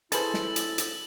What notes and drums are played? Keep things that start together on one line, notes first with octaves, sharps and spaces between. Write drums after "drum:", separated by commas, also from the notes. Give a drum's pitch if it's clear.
C#4 E4 G#4 A4 B4 C5 A6 F#7, drum: hi-hat
drum: snare
drum: hi-hat
drum: hi-hat